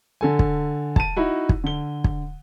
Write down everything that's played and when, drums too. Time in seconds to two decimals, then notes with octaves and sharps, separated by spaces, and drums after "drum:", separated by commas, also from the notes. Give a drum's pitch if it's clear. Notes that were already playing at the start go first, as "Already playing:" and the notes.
0.21 D3 A4 G#5
0.39 drum: kick
0.96 A5 D#7, drum: kick
1.17 D#4 E4 F#4
1.49 drum: kick
1.64 D3 G7
2.04 drum: kick